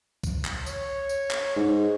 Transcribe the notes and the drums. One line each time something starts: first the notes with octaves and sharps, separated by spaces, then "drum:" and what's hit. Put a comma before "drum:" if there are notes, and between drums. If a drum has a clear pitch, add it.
drum: kick C2, tambourine
drum: clap
C#5, drum: tambourine
drum: tambourine
drum: clap
G#2